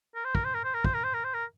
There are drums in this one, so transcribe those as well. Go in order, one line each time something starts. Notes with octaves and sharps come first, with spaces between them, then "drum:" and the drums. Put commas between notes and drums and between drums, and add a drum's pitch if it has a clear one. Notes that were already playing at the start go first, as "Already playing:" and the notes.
A#4
C5
A#4, drum: kick
C5
A#4
C5
A#4
C5, drum: kick
A#4
C5
A#4
C5
A#4